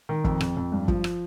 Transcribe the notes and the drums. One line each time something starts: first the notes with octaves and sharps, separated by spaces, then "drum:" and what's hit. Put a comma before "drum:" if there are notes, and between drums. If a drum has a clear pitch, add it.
D#3
F2, drum: kick
F2, drum: rim click
F2
G2
F3, drum: kick
drum: rim click